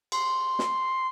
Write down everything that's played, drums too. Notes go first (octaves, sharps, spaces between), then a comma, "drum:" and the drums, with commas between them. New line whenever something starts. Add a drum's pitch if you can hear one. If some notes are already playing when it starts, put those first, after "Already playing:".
C6, drum: cymbal
drum: snare